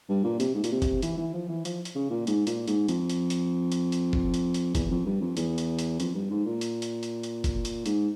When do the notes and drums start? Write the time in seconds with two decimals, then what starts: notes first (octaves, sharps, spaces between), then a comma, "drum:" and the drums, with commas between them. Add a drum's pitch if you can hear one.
0.09 G2
0.24 A#2
0.40 C3, drum: hi-hat
0.55 G#2
0.64 A#2, drum: hi-hat
0.72 C3
0.82 drum: kick F#1, hi-hat
1.02 E3, drum: hi-hat
1.17 E3
1.34 F3
1.49 E3
1.65 F3, drum: hi-hat
1.85 drum: hi-hat
1.96 C#3
2.11 A#2
2.27 G#2, drum: hi-hat
2.47 A#2, drum: hi-hat
2.68 G#2, drum: hi-hat
2.88 F2, drum: hi-hat
3.10 drum: hi-hat
3.30 drum: hi-hat
3.72 drum: hi-hat
3.92 drum: hi-hat
4.13 drum: kick F#1
4.34 drum: hi-hat
4.54 drum: hi-hat
4.75 E2, drum: kick F#1, hi-hat
4.91 F2
5.06 G2
5.21 F2
5.37 E2, drum: hi-hat
5.58 drum: hi-hat
5.79 drum: hi-hat
6.00 F2, drum: hi-hat
6.15 G2
6.30 G#2
6.46 A#2
6.61 drum: hi-hat
6.82 drum: hi-hat
7.03 drum: hi-hat
7.23 drum: hi-hat
7.44 drum: kick F#1, hi-hat
7.65 drum: hi-hat
7.86 G#2, drum: hi-hat